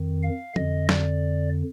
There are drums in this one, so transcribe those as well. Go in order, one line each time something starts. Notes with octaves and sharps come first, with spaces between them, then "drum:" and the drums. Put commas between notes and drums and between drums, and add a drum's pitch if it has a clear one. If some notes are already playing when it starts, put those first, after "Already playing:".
Already playing: F2 D#3
F5
F2 D3 D#5, drum: tom
D5, drum: snare